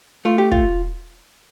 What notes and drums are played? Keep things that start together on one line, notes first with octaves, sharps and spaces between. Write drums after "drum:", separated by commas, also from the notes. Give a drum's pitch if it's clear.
A3 F4
G4
F4, drum: kick